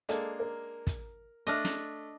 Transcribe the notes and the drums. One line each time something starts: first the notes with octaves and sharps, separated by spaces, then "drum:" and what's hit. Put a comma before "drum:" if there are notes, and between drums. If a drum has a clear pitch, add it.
G#3 A#3 D4 A4, drum: hi-hat
A#4
drum: kick, hi-hat
A3 D4 D#5 F6
drum: snare